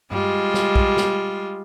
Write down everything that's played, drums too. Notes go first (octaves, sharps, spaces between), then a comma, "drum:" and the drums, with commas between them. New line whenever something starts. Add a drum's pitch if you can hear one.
G3 G#3 F4, drum: tom G2
drum: snare
drum: kick
drum: snare